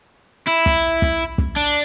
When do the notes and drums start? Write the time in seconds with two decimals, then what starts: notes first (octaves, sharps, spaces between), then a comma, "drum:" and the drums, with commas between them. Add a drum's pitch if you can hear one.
0.48 E4
0.66 drum: kick
1.02 drum: kick
1.38 drum: kick
1.56 D4